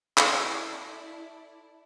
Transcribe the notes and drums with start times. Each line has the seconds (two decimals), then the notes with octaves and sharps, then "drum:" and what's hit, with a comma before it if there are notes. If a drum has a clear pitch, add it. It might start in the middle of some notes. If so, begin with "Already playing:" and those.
0.18 E4 A4 D5, drum: clap